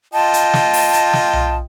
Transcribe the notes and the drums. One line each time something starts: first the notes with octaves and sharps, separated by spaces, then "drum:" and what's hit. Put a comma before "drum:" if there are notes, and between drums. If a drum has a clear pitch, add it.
F4 D#5 G5 A5
drum: hi-hat
drum: snare
drum: open hi-hat
drum: hi-hat
drum: snare
drum: tom B1